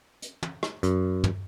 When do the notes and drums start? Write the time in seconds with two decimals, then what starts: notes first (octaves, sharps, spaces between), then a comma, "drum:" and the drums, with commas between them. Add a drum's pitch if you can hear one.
0.22 drum: hi-hat
0.43 drum: tom
0.63 drum: rim click
0.83 F#2, drum: hi-hat
1.24 drum: tom